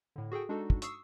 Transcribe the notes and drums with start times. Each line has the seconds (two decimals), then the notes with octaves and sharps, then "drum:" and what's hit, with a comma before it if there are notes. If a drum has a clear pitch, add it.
0.16 A2 D3
0.32 F#4 G#4 A4 G5
0.49 G#3 D4 D#4 F#4 A4
0.70 drum: kick
0.82 C#6 D#6 E6 C7, drum: hi-hat